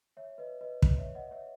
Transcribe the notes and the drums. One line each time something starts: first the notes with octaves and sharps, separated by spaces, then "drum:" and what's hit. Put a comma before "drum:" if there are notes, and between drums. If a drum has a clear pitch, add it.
C#5 E5
B4 D#5
B4 D#5
drum: kick
C#5 E5
D#5 F#5
C#5 E5